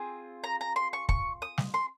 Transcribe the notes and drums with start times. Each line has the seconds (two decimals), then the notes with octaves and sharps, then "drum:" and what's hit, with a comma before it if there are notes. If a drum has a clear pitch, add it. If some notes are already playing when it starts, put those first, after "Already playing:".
Already playing: C4 F4 G#4
0.44 A#5
0.61 A#5
0.76 C6
0.93 C#6
1.09 C#6, drum: kick
1.42 D#6
1.58 drum: snare
1.74 C6